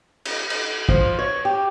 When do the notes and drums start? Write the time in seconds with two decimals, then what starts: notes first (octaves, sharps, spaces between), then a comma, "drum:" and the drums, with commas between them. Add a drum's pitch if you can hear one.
0.25 drum: cymbal
0.50 drum: cymbal
0.89 F3, drum: kick
1.19 C#5
1.45 G4